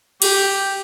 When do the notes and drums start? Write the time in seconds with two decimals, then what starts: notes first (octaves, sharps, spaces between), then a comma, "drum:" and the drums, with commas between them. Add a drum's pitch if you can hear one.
0.22 G4, drum: cymbal